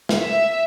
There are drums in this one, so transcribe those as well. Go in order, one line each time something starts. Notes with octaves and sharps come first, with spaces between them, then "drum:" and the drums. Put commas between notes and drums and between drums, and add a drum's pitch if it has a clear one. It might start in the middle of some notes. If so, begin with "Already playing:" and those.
drum: snare
E5